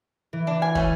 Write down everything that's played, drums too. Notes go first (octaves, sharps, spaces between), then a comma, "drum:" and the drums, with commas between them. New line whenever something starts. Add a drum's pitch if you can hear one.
E3
D4
G#5
A3 C#4 G#5, drum: kick